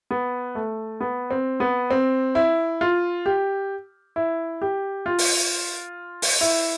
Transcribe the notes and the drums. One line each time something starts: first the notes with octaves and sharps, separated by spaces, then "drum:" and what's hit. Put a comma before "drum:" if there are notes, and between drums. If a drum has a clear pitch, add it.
B3
A3
B3
C4
B3
C4
E4
F4
G4
E4
G4
F4
drum: open hi-hat
drum: open hi-hat
E4